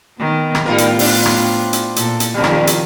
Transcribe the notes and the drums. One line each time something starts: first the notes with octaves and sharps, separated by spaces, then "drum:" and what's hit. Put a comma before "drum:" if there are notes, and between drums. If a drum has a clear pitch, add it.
D#3 B3
drum: rim click
A2 G3 B3 D#4 F4 A#4
drum: hi-hat
C4 D4, drum: open hi-hat
drum: rim click
drum: hi-hat
A#2 A4, drum: hi-hat
drum: hi-hat
F2 C3 D#3 F3 G3
drum: rim click
drum: hi-hat